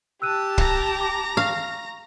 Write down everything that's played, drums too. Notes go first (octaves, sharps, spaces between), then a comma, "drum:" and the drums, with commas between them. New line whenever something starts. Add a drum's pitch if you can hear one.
G4 A5 E6 F#6 D#7
A#5, drum: kick
D6
F5 C#6